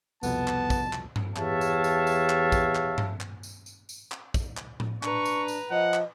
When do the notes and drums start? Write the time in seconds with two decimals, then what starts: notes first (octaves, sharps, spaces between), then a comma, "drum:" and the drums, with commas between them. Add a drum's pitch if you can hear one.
0.23 C2 F2 B2 B3 A5, drum: tambourine
0.48 drum: clap
0.70 drum: kick, tambourine
0.93 drum: clap
1.16 drum: tom G2
1.36 E2 G4 C#5 E5 F5 A5, drum: clap
1.61 drum: tambourine
1.84 drum: tambourine
2.07 drum: tambourine
2.30 drum: clap
2.52 drum: kick, tambourine
2.75 drum: clap
2.98 drum: tom G2
3.21 drum: clap
3.43 drum: tambourine
3.66 drum: tambourine
3.89 drum: tambourine
4.12 drum: clap
4.34 drum: kick, tambourine
4.57 drum: clap
4.80 drum: tom A2
5.03 D4 B4 A#5 C#6, drum: clap
5.25 drum: tambourine
5.48 drum: tambourine
5.71 F3 D#5 F#5
5.94 drum: clap